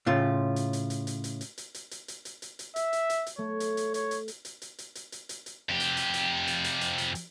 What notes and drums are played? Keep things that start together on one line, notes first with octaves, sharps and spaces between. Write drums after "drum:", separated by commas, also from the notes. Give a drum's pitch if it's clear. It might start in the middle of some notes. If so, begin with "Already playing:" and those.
A2 C#3 F4
drum: hi-hat
drum: hi-hat
drum: hi-hat
drum: hi-hat
drum: hi-hat
drum: hi-hat
drum: hi-hat
drum: hi-hat
drum: hi-hat
drum: hi-hat
drum: hi-hat
drum: hi-hat
drum: hi-hat
E5, drum: hi-hat
drum: hi-hat
drum: hi-hat
drum: hi-hat
A3 C#5
drum: hi-hat
drum: hi-hat
C#5, drum: hi-hat
drum: hi-hat
drum: hi-hat
drum: hi-hat
drum: hi-hat
drum: hi-hat
drum: hi-hat
drum: hi-hat
drum: hi-hat
drum: hi-hat
F2 G4
drum: hi-hat
drum: hi-hat
drum: hi-hat
drum: hi-hat
drum: hi-hat
drum: hi-hat
drum: hi-hat
drum: hi-hat